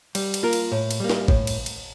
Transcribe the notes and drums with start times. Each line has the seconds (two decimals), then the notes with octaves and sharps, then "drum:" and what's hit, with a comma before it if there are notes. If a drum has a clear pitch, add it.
0.15 G3, drum: cymbal
0.34 drum: cymbal
0.43 A#3 F4 A#4
0.53 drum: cymbal
0.72 A2
0.91 drum: cymbal
1.00 G3 A#3
1.10 drum: snare
1.28 A2, drum: kick G#1
1.47 drum: cymbal
1.66 drum: cymbal